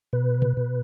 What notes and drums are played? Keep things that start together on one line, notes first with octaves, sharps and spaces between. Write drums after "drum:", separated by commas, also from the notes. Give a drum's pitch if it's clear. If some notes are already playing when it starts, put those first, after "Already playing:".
B2 B4
drum: tom B2
B2